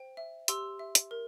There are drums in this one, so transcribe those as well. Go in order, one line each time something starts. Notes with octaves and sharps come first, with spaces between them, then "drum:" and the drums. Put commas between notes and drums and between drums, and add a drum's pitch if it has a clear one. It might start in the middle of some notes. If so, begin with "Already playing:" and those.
Already playing: C5 G5
E5
G4 C6 E6, drum: hi-hat
E5
drum: hi-hat
A#4